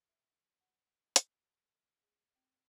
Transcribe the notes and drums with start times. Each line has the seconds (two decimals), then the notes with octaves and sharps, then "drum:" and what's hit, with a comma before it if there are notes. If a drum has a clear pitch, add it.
0.09 E5
0.61 F#5
1.16 drum: hi-hat
2.02 G#4
2.36 C4